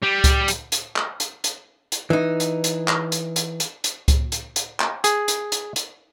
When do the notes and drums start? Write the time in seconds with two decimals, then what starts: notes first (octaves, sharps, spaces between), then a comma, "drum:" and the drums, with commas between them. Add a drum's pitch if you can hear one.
0.03 G3
0.24 drum: kick C#2, hi-hat
0.48 drum: hi-hat
0.72 drum: hi-hat
0.96 drum: clap
1.20 drum: hi-hat
1.44 drum: hi-hat
1.92 drum: hi-hat
2.10 E3 D#4
2.40 drum: hi-hat
2.64 drum: hi-hat
2.88 drum: clap
3.12 drum: hi-hat
3.36 drum: hi-hat
3.60 drum: hi-hat
3.84 drum: hi-hat
4.08 drum: kick C#2, hi-hat
4.32 drum: hi-hat
4.56 drum: hi-hat
4.80 drum: clap
5.04 G#4, drum: hi-hat
5.28 drum: hi-hat
5.52 drum: hi-hat
5.76 drum: hi-hat